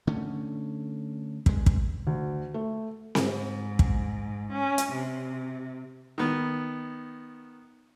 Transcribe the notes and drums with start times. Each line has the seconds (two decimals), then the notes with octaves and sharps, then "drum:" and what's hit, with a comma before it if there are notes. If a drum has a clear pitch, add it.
0.07 D3 A3 C#4
1.46 G2 G#3, drum: kick
1.66 drum: kick
2.07 D2
2.54 A3
3.15 G#2, drum: snare C4
3.79 drum: kick
4.52 C#4
4.78 drum: hi-hat
4.93 C3
6.18 D#3 B3